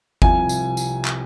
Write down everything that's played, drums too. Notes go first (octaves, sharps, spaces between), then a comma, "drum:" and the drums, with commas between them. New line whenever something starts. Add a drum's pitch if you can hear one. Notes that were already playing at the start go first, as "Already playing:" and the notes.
C2 C3 F3 G#5, drum: kick G1
drum: tambourine
drum: tambourine
drum: clap